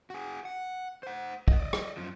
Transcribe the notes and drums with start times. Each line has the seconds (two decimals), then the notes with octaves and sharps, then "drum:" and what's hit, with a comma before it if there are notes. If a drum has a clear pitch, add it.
0.10 F#4 G#4
0.45 F#5
1.03 C5 F#5
1.48 B4 D#5, drum: kick
1.59 D5 D#5
1.73 drum: rim click
1.97 F#2 F3